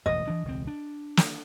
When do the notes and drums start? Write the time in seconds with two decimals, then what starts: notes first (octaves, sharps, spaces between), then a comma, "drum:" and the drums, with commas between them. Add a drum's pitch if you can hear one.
0.06 E1 A1 F2 D#5
0.28 E3 D4
0.45 E1 C#2 C4
0.67 D4
1.17 drum: snare